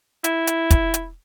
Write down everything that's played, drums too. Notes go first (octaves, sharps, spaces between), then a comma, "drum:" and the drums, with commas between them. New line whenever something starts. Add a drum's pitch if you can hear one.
E4, drum: hi-hat
drum: hi-hat
drum: kick, hi-hat
drum: hi-hat